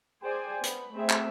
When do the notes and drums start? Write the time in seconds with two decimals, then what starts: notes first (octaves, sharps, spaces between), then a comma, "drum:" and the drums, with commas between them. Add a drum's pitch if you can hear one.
0.22 G#4 C5 D5 G5 G#5
0.64 B3 B5, drum: hi-hat
0.93 A3 C4 G#4 E5
1.10 drum: clap